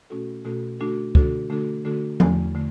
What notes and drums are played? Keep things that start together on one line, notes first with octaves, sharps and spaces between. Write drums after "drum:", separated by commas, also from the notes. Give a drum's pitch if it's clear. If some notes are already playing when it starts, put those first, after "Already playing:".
B2 A3 C#4 F#4 A4
B2 A3 C#4 F#4 A4
D3 A3 D4 F#4 A4
D3 A3 D4 F#4 A4, drum: kick
D3 A3 D4 F#4 A4
D3 A3 D4 F#4 A4
E2 D3 A3, drum: tom F3
D3 A3